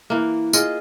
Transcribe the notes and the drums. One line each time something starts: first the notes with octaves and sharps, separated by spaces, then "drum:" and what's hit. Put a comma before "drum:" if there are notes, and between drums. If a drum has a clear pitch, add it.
E3 A#3
F4 G#4 D#5, drum: tambourine